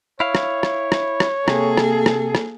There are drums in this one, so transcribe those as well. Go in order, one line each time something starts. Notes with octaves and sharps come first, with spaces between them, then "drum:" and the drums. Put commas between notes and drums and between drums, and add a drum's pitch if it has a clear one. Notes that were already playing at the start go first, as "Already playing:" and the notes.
E4 C#5 F5
drum: rim click
drum: rim click
drum: rim click
drum: rim click
C3 A#3 G#4 A4, drum: rim click
drum: rim click
drum: rim click
drum: rim click